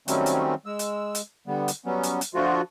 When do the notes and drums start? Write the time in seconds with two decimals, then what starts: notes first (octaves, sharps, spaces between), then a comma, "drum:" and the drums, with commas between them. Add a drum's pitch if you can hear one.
0.08 D#3 F#3 G3 A3 C4 C#4, drum: hi-hat
0.26 drum: hi-hat
0.66 G#3 E6
0.79 drum: hi-hat
1.15 drum: hi-hat
1.47 D3 G3 B3
1.68 drum: hi-hat
1.86 F#3 G3 B3 C#4
2.03 drum: hi-hat
2.21 drum: hi-hat
2.34 D3 F3 A3 F4 F#4